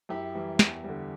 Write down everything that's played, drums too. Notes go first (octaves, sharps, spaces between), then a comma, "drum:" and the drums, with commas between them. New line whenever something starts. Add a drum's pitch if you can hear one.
F#2 E4 G4
E3 G3
E2, drum: snare
D3 G3